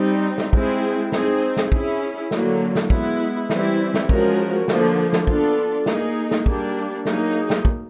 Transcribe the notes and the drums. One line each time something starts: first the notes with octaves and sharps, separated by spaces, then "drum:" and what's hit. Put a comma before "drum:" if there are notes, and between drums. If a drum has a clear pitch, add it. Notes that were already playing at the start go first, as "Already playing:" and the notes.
Already playing: G3 C4 D#4
drum: snare
G#3 C4 E4 G#4, drum: kick
C4 D#4 G#4, drum: snare
drum: snare
C#4 E4 G#4, drum: kick
D3 F#3 A#3, drum: snare
drum: snare
G#3 B3 E4, drum: kick
E3 G3 C4 E4, drum: snare
drum: snare
F3 G#3 C#4 F#4 A#4, drum: kick
D3 F3 A#3, drum: snare
drum: snare
B3 D4 F4 A4, drum: kick
A#3 D#4 G#4, drum: snare
drum: snare
G3 A#3 D4, drum: kick
F#3 A#3 D#4 G#4, drum: snare
drum: snare
drum: kick